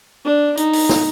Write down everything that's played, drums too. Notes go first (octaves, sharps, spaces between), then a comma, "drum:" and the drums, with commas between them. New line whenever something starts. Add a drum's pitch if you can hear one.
D4
D#4, drum: hi-hat
drum: open hi-hat
drum: snare